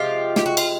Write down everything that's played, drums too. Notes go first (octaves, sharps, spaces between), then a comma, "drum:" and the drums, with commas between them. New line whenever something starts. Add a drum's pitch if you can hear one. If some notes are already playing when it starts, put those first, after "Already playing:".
Already playing: C3 F3 G#3 F4 G4
G4, drum: snare
F#4
F4, drum: cymbal